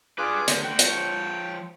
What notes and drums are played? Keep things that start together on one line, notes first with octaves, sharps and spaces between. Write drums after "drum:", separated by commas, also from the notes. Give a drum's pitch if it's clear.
D4 F4 G#4 B4 D6
D2, drum: hi-hat
D3 F#4 G5
F3 C#5, drum: hi-hat